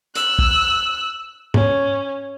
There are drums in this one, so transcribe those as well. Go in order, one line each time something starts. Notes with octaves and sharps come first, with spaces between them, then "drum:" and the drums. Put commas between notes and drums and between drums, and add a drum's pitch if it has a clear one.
E6 F#6, drum: hi-hat
drum: kick
C#4, drum: tom G#2